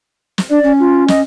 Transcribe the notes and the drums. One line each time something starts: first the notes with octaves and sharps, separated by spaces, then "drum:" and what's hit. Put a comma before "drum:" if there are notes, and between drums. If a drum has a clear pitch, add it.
drum: snare
D4 D5
C#4
F4
D#5, drum: snare